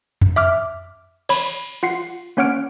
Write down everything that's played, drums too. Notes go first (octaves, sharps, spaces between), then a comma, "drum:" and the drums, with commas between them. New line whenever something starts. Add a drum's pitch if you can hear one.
drum: tom F2
E5 D6 F6
C#5 B5, drum: cymbal
F4 F#5 C7
A#3 C#4 C#5 F#5 F6 D7